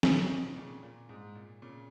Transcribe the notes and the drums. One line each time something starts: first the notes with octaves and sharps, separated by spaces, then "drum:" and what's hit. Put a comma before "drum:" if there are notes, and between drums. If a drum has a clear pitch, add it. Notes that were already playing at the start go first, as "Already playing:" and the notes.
B2 D#3, drum: snare
C#3
B2 D#3
A#2 C#3
A#2
G#2
A#2
A#2 C#3